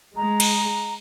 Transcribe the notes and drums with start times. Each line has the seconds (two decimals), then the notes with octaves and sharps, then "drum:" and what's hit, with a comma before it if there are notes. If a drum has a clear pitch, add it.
0.16 G#3 A#5
0.40 drum: cymbal